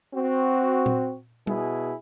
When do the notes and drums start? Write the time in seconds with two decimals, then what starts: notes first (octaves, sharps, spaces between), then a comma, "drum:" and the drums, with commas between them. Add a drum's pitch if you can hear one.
0.14 C4 F#4
0.86 drum: tom A#2
1.47 B2 E4 G#4, drum: tom G3